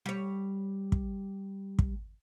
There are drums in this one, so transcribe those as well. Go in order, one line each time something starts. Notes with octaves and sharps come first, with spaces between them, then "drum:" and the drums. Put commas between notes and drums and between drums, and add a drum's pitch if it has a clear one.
G3 C#5
drum: kick
drum: kick